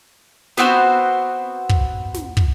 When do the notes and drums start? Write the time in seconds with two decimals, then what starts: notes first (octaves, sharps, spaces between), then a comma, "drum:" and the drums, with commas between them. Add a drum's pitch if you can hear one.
0.57 B3 C4 F#4 C5, drum: snare
1.70 drum: kick
2.14 drum: snare
2.37 drum: kick